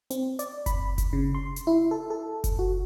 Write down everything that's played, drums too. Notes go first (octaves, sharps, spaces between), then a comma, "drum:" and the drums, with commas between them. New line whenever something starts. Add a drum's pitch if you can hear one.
C4, drum: hi-hat
D5, drum: hi-hat
B5, drum: kick F#1, hi-hat
drum: kick F#1, hi-hat
C#3
C6
drum: hi-hat
E4
A4
A4
drum: kick F#1, hi-hat
F#4